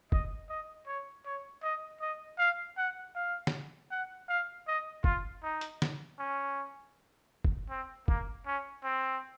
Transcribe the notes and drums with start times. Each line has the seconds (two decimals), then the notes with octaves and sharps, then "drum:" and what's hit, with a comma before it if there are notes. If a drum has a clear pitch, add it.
0.12 D#5, drum: kick F1
0.50 D#5
0.87 C#5
1.25 C#5
1.63 D#5
2.01 D#5
2.39 F5
2.78 F#5
3.15 F5
3.47 drum: snare
3.91 F#5
4.29 F5
4.67 D#5
5.04 F4, drum: kick F1
5.43 D#4
5.61 drum: hi-hat
5.82 drum: snare
6.19 C#4
7.45 drum: kick F1
7.70 C4
8.08 A#3, drum: kick F1
8.46 C#4
8.84 C4